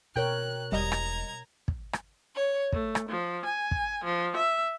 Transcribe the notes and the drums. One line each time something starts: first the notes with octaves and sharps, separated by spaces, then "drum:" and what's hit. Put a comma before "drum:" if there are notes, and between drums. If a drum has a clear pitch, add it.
B2 D#3 A#4 C#5 G5 F#6
E1 G3 E4 D#5 A#5 G#6
drum: rim click
drum: kick
drum: rim click
C#5
A3, drum: kick
drum: rim click
F3
G#5
drum: kick
F3
E5